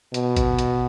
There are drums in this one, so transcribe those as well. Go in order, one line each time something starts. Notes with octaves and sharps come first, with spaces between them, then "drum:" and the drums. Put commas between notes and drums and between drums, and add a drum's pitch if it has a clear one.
B2, drum: hi-hat
drum: kick A1, hi-hat
drum: hi-hat